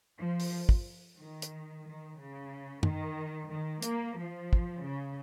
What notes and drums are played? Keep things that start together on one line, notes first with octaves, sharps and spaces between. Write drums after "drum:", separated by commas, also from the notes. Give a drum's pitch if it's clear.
F3
drum: open hi-hat
drum: kick
D#3
drum: hi-hat
D#3
C#3
D#3, drum: tom F#2
D#3
A#3, drum: hi-hat
F3
drum: kick
C#3